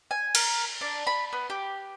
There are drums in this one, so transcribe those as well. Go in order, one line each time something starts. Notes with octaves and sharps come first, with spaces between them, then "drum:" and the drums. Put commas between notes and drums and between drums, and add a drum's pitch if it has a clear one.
G#5
A#4, drum: cymbal
D4
B5
B3
G4